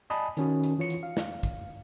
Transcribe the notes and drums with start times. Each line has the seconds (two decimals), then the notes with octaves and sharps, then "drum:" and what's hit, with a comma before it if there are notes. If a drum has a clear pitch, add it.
0.10 D5 D#5 G#5 A5 B5 D#6
0.37 D#3 C#4 F#4, drum: hi-hat
0.64 drum: hi-hat
0.78 E3 F4 C#5 C#7
0.90 drum: hi-hat
1.03 F5
1.17 drum: snare
1.43 drum: kick, hi-hat